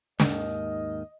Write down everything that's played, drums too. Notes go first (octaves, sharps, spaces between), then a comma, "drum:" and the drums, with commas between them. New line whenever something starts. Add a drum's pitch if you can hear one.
D#2 G#2 D#3 D#5, drum: snare